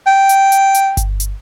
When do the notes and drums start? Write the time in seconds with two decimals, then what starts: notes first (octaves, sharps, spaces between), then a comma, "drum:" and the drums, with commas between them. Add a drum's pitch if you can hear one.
0.06 G5
0.29 drum: hi-hat
0.52 drum: hi-hat
0.74 drum: hi-hat
0.97 drum: kick G1, hi-hat
1.20 drum: hi-hat